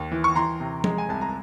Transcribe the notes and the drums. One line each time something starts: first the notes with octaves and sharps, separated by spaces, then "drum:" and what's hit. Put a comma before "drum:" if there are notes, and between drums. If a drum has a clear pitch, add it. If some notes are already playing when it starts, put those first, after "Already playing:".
Already playing: D#2
E3
C#6
E3 A#5 C6
C3
G#3, drum: tom F3
G#5
C2 A5
A#5